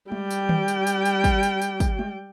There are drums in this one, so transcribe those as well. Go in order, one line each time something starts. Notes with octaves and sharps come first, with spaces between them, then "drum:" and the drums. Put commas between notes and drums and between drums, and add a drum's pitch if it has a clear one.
G3 G5, drum: tom G#3
drum: tambourine
drum: tom D#3
drum: tambourine
drum: tambourine
drum: tambourine
drum: kick, tambourine
drum: tambourine
drum: tambourine
drum: kick, tambourine
drum: tom G#3